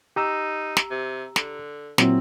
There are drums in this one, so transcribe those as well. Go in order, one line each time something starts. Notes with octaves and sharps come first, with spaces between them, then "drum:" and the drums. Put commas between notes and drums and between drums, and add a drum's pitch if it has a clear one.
D#4 G4 A#5 E6
drum: snare
C3
D3, drum: snare
A#2 F#3 C4 E4, drum: snare